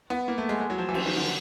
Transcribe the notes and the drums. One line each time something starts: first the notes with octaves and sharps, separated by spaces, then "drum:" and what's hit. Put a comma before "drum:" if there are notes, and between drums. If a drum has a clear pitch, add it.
B3
A#3
A3
G#3
G#3
F#3
F3
E3
F3, drum: cymbal
D#3
D3